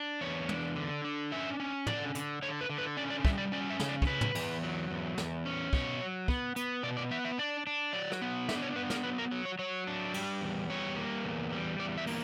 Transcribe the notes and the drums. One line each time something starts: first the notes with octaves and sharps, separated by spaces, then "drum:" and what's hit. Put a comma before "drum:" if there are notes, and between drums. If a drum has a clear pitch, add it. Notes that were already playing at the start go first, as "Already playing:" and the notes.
Already playing: D4
E2 C#5
D4, drum: tom
D3
D4
C#4 E5
C#4
D3 D5, drum: tom
D3, drum: hi-hat
D3 C#5
B4
D3
B4
C#4 D5
D5
G3 E5, drum: kick
D5
C#4 D5
E5
C#3, drum: snare
D5
C#5, drum: kick
C#3 B4
drum: tom
E2, drum: cymbal
F#3
E2
E2, drum: snare
C#4
B2 C#5, drum: kick
F#3
B3, drum: kick
B3, drum: hi-hat
B2 D5
D5
B3 E5
E5
D4 D5
D4
F#3 D5
drum: rim click
B3
D4 E5, drum: snare
C#5
B3 B4
A#4, drum: snare
F#3 B4
A#4
F#3
C#5
F#3 C#5
D4
G3, drum: cymbal
E2
G3 C#5
A#3
E2
G3
E2 D5
E5
A#3, drum: open hi-hat